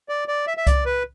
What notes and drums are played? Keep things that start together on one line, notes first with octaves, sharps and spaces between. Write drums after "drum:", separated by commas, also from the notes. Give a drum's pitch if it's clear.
D5
D5
E5
E5
D5, drum: kick C2, hi-hat
B4